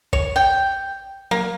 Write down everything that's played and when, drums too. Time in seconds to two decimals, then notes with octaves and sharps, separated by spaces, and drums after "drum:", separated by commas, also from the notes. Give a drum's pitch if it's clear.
0.13 C#5, drum: kick
0.36 G5
1.31 A#3, drum: tom F#3